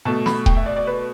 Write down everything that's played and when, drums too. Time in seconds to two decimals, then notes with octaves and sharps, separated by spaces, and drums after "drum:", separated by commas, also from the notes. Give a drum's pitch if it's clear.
0.05 B2 A3 A5
0.26 B5, drum: snare
0.46 G5, drum: kick D#1
0.56 E5
0.66 D5
0.76 D5
0.87 B4